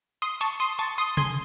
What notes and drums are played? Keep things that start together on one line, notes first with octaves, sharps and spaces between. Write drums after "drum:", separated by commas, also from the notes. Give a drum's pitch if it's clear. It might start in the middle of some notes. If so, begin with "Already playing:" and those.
C6 D#6
A5 C#6, drum: hi-hat
C6 D#6
A5 C#6
C6 D#6
G#5 C6, drum: tom C3